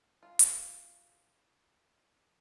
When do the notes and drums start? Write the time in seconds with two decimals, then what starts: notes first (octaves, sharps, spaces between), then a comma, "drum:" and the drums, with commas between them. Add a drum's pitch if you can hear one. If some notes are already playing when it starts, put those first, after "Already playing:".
0.23 F4
0.39 drum: hi-hat